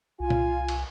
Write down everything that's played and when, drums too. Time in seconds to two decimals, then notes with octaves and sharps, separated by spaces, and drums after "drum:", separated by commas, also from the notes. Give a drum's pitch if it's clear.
0.20 C2 F4 G#5
0.30 drum: tom A#2
0.69 drum: cymbal